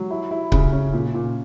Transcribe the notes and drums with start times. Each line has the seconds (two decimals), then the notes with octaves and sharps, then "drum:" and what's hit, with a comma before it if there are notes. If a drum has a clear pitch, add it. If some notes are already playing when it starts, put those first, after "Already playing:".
Already playing: F#3
0.11 E4
0.31 E4
0.52 C#3, drum: kick C#1
0.72 C#4
0.93 A#2
1.14 A#2